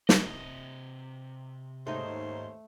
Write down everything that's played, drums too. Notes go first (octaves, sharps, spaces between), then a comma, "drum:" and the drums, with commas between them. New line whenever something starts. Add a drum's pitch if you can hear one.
C3 D#5, drum: snare
D#2 G#2 A3 C#4 D#4 C5